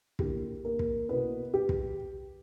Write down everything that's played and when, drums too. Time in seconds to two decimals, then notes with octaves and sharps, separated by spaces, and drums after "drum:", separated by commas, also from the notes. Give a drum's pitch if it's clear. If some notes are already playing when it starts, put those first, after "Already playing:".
0.19 D3 A#3 E4 G4, drum: kick
0.65 A#3 A#4
0.79 drum: kick
1.09 B2 A#3 B3 E4 B4
1.54 G4
1.69 drum: kick